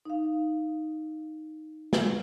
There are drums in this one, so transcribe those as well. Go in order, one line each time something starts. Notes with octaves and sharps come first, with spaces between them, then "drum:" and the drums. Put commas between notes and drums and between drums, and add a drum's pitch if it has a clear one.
D#4 F5
drum: snare